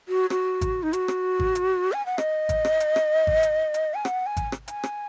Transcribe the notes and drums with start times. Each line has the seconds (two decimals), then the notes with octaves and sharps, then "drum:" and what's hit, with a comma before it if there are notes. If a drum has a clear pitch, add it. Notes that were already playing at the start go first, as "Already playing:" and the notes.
0.09 F#4
0.30 F#4, drum: rim click
0.61 drum: kick G#1, hi-hat
0.83 D#4
0.93 F#4, drum: hi-hat
1.08 drum: rim click
1.40 drum: kick G#1
1.55 drum: hi-hat
1.93 G#5
2.06 F#5
2.18 D#5, drum: rim click
2.49 drum: kick G#1, hi-hat
2.65 drum: rim click
2.80 drum: hi-hat
2.96 drum: rim click
3.27 drum: kick G#1
3.43 drum: hi-hat
3.74 drum: hi-hat
3.94 G#5
4.05 F#5, drum: rim click
4.26 G#5
4.37 drum: kick G#1, hi-hat
4.52 drum: rim click
4.68 G#5, drum: hi-hat
4.83 drum: rim click